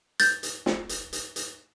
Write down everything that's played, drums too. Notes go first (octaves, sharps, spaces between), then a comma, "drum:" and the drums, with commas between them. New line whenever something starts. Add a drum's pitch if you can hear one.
G6 A6, drum: hi-hat
drum: hi-hat
drum: snare
drum: hi-hat
drum: hi-hat
drum: hi-hat